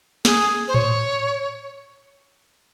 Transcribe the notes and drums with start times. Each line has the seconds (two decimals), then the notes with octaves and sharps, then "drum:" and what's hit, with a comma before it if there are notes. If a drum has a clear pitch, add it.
0.25 G#4, drum: snare
0.68 C5
0.74 C#5, drum: tom A2